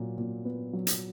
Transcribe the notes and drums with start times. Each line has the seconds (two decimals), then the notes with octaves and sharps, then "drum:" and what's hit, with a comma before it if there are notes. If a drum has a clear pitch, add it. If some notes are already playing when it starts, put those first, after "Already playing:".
Already playing: A#2 F#3
0.18 A#2
0.45 B3
0.73 F#3
0.87 drum: hi-hat